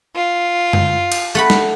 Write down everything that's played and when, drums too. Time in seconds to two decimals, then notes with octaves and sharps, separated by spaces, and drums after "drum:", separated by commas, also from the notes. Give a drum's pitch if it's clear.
0.16 F4
0.73 drum: tom
1.12 drum: cymbal
1.35 A3 F#5 B5
1.50 drum: snare